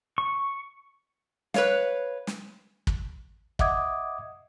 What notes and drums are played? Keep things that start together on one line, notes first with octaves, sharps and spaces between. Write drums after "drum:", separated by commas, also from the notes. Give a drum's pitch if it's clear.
C#6
B4 C#5 F5, drum: snare
drum: snare
drum: kick
D#5 E5 F#5 D6 D#6 G#6, drum: kick